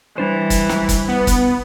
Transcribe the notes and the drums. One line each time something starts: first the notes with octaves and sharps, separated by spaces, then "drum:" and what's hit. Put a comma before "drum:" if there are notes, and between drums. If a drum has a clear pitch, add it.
E3 G3 D4 C5
drum: kick, hi-hat
drum: snare
drum: kick, hi-hat
B3
drum: kick, hi-hat